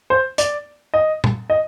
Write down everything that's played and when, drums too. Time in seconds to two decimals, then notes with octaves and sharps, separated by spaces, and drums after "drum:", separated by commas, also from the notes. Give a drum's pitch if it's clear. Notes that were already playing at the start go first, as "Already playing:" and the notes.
0.10 C5
0.38 D5, drum: hi-hat
0.94 D#5
1.24 drum: tom A#2
1.50 D#5